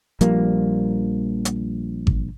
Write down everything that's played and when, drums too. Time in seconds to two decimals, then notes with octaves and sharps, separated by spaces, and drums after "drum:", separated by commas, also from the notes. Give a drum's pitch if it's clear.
0.21 A#1 F3 G3 A#3, drum: hi-hat
1.45 drum: hi-hat
2.07 drum: kick G#1